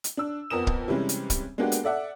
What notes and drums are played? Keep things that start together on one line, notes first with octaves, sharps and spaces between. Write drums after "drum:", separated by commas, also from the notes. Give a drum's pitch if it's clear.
drum: hi-hat
D4 E6
F2 B3 A#4 D#6 E7
drum: kick
C3 E3 G3 G#3 C#4
drum: hi-hat
drum: kick, hi-hat
G#3 A#3 B3 D4 F#4 G4
drum: hi-hat
A4 D5 E5 F#5